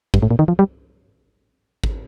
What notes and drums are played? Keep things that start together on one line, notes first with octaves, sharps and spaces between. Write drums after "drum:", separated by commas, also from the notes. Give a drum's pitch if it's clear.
G2, drum: kick G#1
A2
A#2
D#3
F3
G3
drum: kick G#1